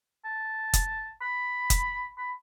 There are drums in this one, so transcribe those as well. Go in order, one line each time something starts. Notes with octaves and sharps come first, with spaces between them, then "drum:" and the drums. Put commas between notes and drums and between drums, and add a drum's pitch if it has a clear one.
A5
drum: kick, hi-hat
B5
drum: kick, hi-hat
B5